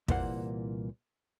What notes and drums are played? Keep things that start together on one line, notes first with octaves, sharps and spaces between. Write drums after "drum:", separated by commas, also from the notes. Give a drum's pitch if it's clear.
C2 A#2 E3 A#3 C5 F#5, drum: kick